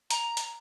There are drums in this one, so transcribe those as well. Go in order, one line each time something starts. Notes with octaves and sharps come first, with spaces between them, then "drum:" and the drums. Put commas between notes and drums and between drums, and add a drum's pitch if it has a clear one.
A#5, drum: hi-hat
drum: hi-hat